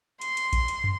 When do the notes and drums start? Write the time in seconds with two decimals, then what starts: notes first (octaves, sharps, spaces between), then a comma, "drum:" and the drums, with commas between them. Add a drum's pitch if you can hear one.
0.21 C6, drum: hi-hat
0.37 drum: hi-hat
0.53 drum: kick A#1, hi-hat
0.68 drum: hi-hat
0.84 drum: tom